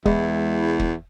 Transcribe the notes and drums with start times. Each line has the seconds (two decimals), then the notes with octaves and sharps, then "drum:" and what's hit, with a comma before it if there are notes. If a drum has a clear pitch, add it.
0.06 E2 G#3 E4, drum: kick
0.80 drum: kick